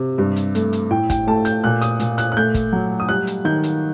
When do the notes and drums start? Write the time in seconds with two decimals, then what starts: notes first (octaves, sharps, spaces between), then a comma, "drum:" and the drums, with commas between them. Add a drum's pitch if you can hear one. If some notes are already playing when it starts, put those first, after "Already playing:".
Already playing: C3
0.18 G2
0.36 drum: hi-hat
0.55 A3, drum: hi-hat
0.73 drum: hi-hat
0.91 A2 G5
1.10 G5, drum: kick, hi-hat
1.27 A3 A5
1.45 G6, drum: hi-hat
1.64 A#2 F#6
1.81 D#6, drum: hi-hat
2.00 A#2, drum: hi-hat
2.18 F#6, drum: hi-hat
2.32 F#6
2.37 A3 G6
2.54 drum: kick, hi-hat
2.73 F#3
3.00 D#6
3.09 G3 F#6
3.27 drum: hi-hat
3.45 D#3 G6
3.63 drum: hi-hat